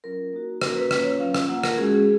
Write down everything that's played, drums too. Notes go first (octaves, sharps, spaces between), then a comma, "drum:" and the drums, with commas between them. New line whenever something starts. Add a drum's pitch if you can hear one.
F#3 C#4 F4 A#4
A#3 D#4 F#4
A#3 C#4 F#4 A#4, drum: rim click
B4
A#3 C#4 F4 B4, drum: rim click
C#5
F#3 C#4 F4 F5
drum: rim click
A#3 F4 F#5
A#4, drum: rim click
G#3 C#4 F#4 G#4
G#4